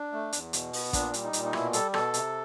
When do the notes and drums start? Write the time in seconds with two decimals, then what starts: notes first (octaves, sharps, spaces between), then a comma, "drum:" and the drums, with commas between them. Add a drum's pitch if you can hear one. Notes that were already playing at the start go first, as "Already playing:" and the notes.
Already playing: D4
0.13 A3
0.33 E2, drum: hi-hat
0.53 B2, drum: hi-hat
0.73 B3, drum: open hi-hat
0.93 A#2 D4, drum: kick, hi-hat
1.14 G3, drum: hi-hat
1.24 D#4
1.33 A#2, drum: hi-hat
1.44 D#4
1.53 B2 E4, drum: rim click
1.73 G3 A4, drum: hi-hat
1.94 B2 A4, drum: rim click
2.14 C3, drum: hi-hat